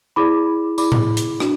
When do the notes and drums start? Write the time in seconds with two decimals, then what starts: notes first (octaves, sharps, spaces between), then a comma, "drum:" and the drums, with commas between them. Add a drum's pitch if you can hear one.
0.16 E4 G#4 D5 B5 D6
0.78 E4 G#4 D5 B5 D6, drum: tambourine
0.92 drum: tom A2
1.17 drum: hi-hat
1.40 D4 F#4, drum: rim click